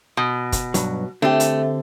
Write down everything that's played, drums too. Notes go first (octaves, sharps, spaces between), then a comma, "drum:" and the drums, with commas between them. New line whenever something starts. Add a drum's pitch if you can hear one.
B2
drum: kick, hi-hat
B1 G2 F#3, drum: hi-hat
D3 A3 C4 G4
drum: hi-hat